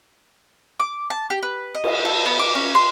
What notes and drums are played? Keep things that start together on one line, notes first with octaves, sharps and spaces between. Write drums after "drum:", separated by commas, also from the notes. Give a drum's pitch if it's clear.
D6
A5
G4
B4
D#5
drum: cymbal
A4
B3
D6
C#4
C6